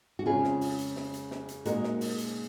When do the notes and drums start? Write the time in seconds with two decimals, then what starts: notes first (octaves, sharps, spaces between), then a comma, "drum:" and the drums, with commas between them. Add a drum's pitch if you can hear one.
0.19 F#4
0.26 F2 C#3 G#3 C#4 F4 G#4
0.44 drum: snare
0.61 drum: open hi-hat
0.79 drum: hi-hat
0.96 drum: snare
1.14 drum: hi-hat
1.31 drum: snare
1.48 drum: hi-hat
1.65 A#2 G#3 D#4 F#4 A#4, drum: hi-hat
1.83 drum: snare
2.01 drum: open hi-hat
2.18 drum: hi-hat